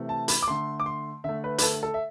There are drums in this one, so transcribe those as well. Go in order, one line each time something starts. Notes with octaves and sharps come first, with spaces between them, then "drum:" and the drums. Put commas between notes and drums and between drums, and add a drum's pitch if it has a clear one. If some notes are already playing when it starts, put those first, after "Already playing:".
Already playing: C3 E3 A3
A5
B5, drum: hi-hat
D6
D3 A3 C6
D6
C6
D3 A3 E5
B4
B4, drum: hi-hat
A4
A4
E5